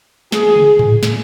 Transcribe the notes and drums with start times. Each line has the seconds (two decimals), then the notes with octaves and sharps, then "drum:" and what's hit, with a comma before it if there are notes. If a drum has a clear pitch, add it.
0.32 G#4, drum: snare
0.56 drum: tom C#3
0.79 drum: tom G#2
1.03 drum: snare